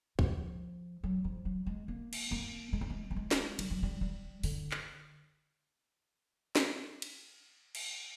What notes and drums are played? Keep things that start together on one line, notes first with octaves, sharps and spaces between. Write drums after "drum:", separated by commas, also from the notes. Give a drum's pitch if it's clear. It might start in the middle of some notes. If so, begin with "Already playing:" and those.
F3, drum: kick
F#3
F3
F#3
G#3
A#3
drum: cymbal
A#3
G#3
A3
G#3
A3
G#3
drum: snare
G3, drum: cymbal
F#3
G3
G3
D3, drum: open hi-hat
drum: clap
drum: snare
drum: cymbal
drum: cymbal